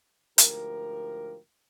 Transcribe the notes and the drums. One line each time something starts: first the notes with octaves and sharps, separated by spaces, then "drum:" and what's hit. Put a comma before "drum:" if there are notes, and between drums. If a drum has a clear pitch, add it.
D2 G#2 F3 G4 A#4, drum: hi-hat